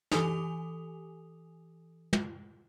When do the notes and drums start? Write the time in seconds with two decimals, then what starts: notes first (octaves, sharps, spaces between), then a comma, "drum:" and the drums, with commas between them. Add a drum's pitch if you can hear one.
0.11 E3 G4 A4 G#5 D#6 F7, drum: snare
2.13 drum: tom